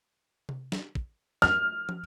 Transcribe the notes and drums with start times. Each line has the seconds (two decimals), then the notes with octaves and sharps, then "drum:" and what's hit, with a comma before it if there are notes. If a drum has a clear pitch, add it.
0.49 drum: tom C3
0.72 drum: snare
0.95 drum: kick
1.42 F6, drum: snare
1.89 drum: tom